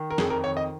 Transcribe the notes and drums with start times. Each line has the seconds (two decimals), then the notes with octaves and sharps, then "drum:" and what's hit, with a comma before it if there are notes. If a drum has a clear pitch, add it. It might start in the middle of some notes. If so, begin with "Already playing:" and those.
Already playing: D#3
0.11 A#4
0.18 F2 G#4, drum: snare
0.30 A#4
0.44 D#3 C#5
0.57 D#5